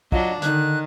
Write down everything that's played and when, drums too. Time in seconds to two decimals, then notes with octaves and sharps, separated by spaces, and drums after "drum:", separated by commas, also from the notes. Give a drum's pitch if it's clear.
0.12 F#3 D4 F4 D#5, drum: kick
0.42 D3 D#3 C#4 D#4 F#6, drum: hi-hat